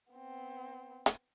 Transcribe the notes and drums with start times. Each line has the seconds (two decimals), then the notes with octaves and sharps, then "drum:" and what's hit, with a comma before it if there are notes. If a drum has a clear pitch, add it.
0.13 B3 C4
1.06 drum: hi-hat